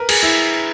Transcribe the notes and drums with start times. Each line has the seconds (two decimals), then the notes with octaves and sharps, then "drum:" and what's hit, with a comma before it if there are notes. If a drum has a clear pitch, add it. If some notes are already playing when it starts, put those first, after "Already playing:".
Already playing: A#4 B4
0.09 G#4, drum: cymbal
0.23 E4